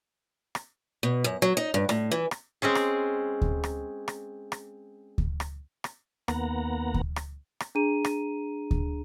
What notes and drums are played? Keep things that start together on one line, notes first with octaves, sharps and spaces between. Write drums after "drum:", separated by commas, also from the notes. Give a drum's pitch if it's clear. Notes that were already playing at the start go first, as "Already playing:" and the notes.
drum: rim click
B2
F#2
F#3
D#4
G2
A2, drum: rim click
E3
drum: rim click
G#3 C4 C#4 G#4
drum: rim click
drum: kick D2
drum: rim click
drum: rim click
drum: rim click
drum: kick D2
drum: rim click
drum: rim click
D#2 A#3 B3 F#5 A#5, drum: rim click
drum: kick D2
drum: rim click
drum: rim click
D4 G#4 A#5 D#7
drum: rim click
drum: kick D2